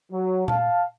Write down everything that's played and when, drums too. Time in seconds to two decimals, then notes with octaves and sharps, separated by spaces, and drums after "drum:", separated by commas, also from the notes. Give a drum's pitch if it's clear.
0.12 F#3
0.48 F5 A5, drum: tom A#2